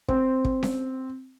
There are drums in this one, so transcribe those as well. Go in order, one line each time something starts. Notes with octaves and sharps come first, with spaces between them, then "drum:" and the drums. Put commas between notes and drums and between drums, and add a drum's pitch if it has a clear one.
C4, drum: kick
drum: kick
drum: snare C#4